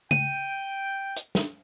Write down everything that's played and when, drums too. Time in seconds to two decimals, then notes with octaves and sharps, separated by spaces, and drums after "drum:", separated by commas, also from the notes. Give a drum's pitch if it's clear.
0.11 G5 D#7, drum: tom C#3
1.16 drum: hi-hat
1.35 drum: snare